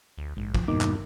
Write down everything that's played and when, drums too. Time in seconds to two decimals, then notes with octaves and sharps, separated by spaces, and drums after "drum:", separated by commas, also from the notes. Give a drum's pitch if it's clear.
0.18 D2
0.37 A#1 G#2
0.55 F3, drum: kick
0.68 E2 G2 B2 D#3 A#3 D#4 D6
0.81 drum: clap